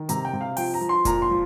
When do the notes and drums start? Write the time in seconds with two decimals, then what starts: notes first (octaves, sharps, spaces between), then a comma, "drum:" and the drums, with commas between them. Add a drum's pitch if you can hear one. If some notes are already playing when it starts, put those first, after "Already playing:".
Already playing: D#3
0.09 C3 A#5, drum: hi-hat
0.25 G5
0.33 C3
0.41 F5
0.57 F3 G5, drum: open hi-hat
0.74 A#5
0.81 F3
0.89 C6
1.05 A#2 A#5, drum: kick F1, hi-hat
1.22 C6
1.30 F3